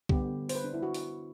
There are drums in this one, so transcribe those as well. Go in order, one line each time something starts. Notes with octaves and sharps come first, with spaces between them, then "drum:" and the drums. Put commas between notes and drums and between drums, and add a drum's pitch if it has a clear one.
D3 G3 B3 G4, drum: kick C2
C5, drum: open hi-hat
B4
D4
E4
F#4
drum: open hi-hat